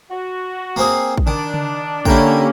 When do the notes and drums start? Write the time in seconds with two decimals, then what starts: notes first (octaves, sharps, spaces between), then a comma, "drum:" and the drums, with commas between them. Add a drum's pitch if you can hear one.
0.11 F#4
0.76 A#3 C4 G#4
1.17 drum: kick
1.27 D#3 D4
1.54 drum: tom C#3
2.05 D3 A#3 C#4 E4 G4 G5, drum: kick